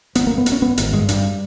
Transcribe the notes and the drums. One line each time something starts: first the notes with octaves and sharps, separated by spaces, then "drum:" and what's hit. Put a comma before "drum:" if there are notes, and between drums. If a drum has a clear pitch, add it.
G#1 B3, drum: hi-hat
G2 A#3
B3
G2, drum: hi-hat
C#4
G2 B3
G#1, drum: hi-hat
G2 G#3
G2 G3, drum: hi-hat